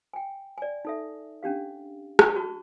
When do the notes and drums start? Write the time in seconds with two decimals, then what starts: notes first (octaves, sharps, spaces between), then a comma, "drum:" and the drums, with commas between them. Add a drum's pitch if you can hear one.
0.13 G5 G#5
0.58 D5 G#5
0.85 D#4 A4 E5
1.43 C#4 D4 G4 F5
2.19 drum: rim click
2.36 F#4 A5 C#6